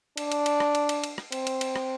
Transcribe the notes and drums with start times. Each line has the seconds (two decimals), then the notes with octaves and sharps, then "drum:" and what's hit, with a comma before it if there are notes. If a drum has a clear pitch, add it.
0.17 D4, drum: cymbal
0.32 drum: cymbal
0.46 drum: cymbal
0.60 drum: rim click
0.75 drum: cymbal
0.89 drum: cymbal
1.04 drum: cymbal
1.18 drum: rim click
1.32 C4, drum: cymbal
1.47 drum: cymbal
1.61 drum: cymbal
1.76 drum: rim click